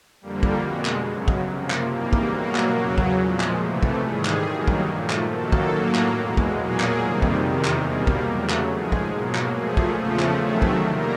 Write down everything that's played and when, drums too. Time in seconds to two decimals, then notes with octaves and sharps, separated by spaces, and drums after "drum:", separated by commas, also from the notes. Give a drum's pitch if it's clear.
0.22 F2 D3 G3 A#3
0.43 drum: kick
0.63 B2 G#3 F#4
0.85 drum: clap
1.06 F#2 C#3 F#3
1.28 drum: kick
1.50 C3 F3 A#3
1.70 drum: clap
1.91 G#2 E3 G3 A#3
2.13 drum: kick
2.33 B2 F#3 A#3 F#4
2.55 drum: clap
2.76 E2 C#3 F#3 F#4
2.98 drum: kick
3.18 A#2 F3 G#3
3.40 drum: clap
3.61 C3 E3 A3
3.83 drum: kick
4.04 G#2 D#3 G3 G#4
4.25 drum: clap
4.46 G2 D#3 F#3 A#3
4.67 drum: kick
4.88 A#2 F3 A3
5.10 drum: clap
5.31 F#2 D#3 F#3 A#3 A4
5.52 drum: kick
5.73 A2 F#3 A#3
5.95 drum: clap
6.16 E2 B2 G#3
6.37 drum: kick
6.59 A#2 F#3 A#3 G#4
6.80 drum: clap
7.01 F2 C3 D#3 G3
7.22 drum: kick
7.43 E2 C3 D#3
7.65 drum: clap
7.85 B2 G3 A#3 G#4
8.07 drum: kick
8.28 E2 C#3 F#3 A3 A#4
8.50 drum: clap
8.70 G#2 F3 G#3 G#4
8.92 drum: kick
9.14 B2 F#3 A#3
9.35 drum: clap
9.56 A#2 F3 A3 G#4
9.77 drum: kick
9.98 E2 C#3 F3 A3
10.20 drum: clap
10.40 C3 D#3 F#3 A3 G#4
10.62 drum: kick
10.83 G3 A#3 A#4